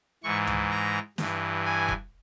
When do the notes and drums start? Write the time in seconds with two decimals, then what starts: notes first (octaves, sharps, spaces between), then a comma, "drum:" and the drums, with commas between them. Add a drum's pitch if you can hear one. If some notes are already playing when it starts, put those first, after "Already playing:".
0.23 G#2 E3 C#6
0.47 drum: tom C#2
0.71 A#5
1.18 G2 E3, drum: snare
1.65 G#5
1.88 drum: kick F1